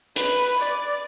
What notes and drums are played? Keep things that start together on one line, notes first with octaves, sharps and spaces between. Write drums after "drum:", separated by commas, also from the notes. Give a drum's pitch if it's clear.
B4, drum: hi-hat
D5